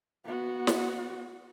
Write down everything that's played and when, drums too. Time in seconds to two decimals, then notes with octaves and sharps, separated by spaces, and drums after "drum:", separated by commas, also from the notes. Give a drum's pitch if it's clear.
0.25 B3 F#4
0.67 drum: snare